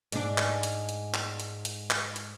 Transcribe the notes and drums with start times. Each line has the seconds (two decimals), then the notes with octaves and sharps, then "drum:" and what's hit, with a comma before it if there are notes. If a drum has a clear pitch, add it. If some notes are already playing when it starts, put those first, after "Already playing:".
0.12 G#2 D4, drum: hi-hat
0.38 drum: clap
0.63 drum: hi-hat
0.89 drum: hi-hat
1.14 drum: clap
1.40 drum: hi-hat
1.65 drum: hi-hat
1.90 drum: clap
2.16 drum: hi-hat